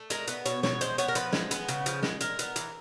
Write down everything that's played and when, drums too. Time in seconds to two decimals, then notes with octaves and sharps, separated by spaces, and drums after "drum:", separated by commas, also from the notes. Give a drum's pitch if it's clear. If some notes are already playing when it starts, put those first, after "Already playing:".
Already playing: A3
0.10 G#3 A#4, drum: hi-hat
0.27 B3 B4, drum: hi-hat
0.45 B2 C#5, drum: hi-hat
0.63 B2 C#5, drum: snare
0.81 G#3 C5, drum: hi-hat
0.98 B3 C#5, drum: hi-hat
1.08 A#4
1.15 F3 B4, drum: hi-hat
1.33 G#3, drum: snare
1.51 B3, drum: hi-hat
1.68 C#3, drum: hi-hat
1.86 F3, drum: hi-hat
2.03 G#3, drum: snare
2.20 G#3 A#4, drum: hi-hat
2.39 B3, drum: hi-hat
2.56 E3, drum: hi-hat